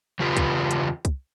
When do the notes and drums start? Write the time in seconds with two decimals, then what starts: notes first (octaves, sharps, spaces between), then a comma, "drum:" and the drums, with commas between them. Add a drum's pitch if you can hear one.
0.20 E2 C#3 F4 G4 B4
0.37 drum: kick, hi-hat
0.71 drum: hi-hat
1.05 drum: kick, hi-hat